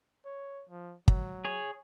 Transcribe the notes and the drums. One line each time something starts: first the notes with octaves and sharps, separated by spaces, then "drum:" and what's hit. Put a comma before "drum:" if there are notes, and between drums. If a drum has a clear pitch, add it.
C#5
F3
F#3, drum: kick
G#4 C#5